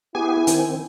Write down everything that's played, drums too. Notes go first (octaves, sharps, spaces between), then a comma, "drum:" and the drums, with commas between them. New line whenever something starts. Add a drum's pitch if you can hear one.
B3 E4 G4 G#4 G#5
D#3 C4, drum: hi-hat